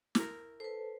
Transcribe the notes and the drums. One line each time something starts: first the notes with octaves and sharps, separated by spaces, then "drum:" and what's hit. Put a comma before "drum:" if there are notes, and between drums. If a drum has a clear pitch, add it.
E4 A#4, drum: snare
A4 B4 C5